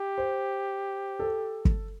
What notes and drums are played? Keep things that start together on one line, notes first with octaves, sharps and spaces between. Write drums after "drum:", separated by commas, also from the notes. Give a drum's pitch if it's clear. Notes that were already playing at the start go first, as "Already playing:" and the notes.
Already playing: G4
C5
A4
drum: kick